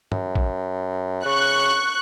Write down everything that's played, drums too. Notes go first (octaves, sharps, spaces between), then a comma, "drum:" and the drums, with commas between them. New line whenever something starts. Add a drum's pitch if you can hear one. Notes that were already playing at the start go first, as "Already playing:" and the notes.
F#2, drum: tom
drum: kick
C#3 C#6 F#6